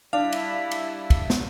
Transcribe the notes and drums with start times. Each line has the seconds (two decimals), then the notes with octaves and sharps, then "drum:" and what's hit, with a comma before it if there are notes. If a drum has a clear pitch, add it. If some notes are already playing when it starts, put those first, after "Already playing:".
0.13 G3 D4 E4 F5
0.32 drum: cymbal
0.71 drum: cymbal
1.10 drum: kick, cymbal
1.30 drum: snare